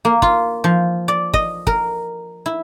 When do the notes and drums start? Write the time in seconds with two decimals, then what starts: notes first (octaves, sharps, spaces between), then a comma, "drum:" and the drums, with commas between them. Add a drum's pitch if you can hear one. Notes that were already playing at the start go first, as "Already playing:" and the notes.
0.05 A#3
0.22 F4, drum: kick
0.64 F3
1.08 D5
1.34 D#5, drum: kick
1.67 A#4, drum: kick
2.46 E4